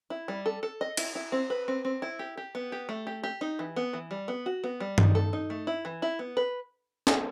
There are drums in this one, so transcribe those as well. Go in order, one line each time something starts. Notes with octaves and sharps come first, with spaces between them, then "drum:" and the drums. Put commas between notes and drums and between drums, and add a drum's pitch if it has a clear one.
E4
G3
A4
A4
D#5
E4, drum: cymbal
E4
C4
B4
C4
C4
E4
G4
G4
B3
G4
A3
G4
G4
D#4
E3
B3
E3
G3
B3
F#4
B3
G3
D#4, drum: tom G2
A4
D#4
A3
E4
E3
E4
B3
B4
drum: snare